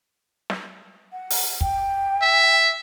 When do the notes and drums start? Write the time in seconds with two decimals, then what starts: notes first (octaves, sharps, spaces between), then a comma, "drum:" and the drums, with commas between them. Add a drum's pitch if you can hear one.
0.50 drum: snare
1.12 F#5
1.30 drum: open hi-hat
1.61 G5, drum: kick
2.22 E5